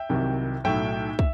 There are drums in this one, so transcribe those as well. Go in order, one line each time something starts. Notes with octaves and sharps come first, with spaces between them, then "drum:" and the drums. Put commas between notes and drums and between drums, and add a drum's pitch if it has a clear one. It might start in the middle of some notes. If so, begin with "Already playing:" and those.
Already playing: E5 G5
C2 C3 D#3 F#3
B1 A2 F#3 E5 G5
E5, drum: kick